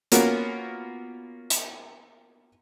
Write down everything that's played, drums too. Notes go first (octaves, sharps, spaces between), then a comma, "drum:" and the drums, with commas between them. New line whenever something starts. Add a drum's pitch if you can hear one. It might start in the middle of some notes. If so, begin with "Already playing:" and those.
A#3 B3 C#4 F4 F#4 A#4, drum: hi-hat
drum: hi-hat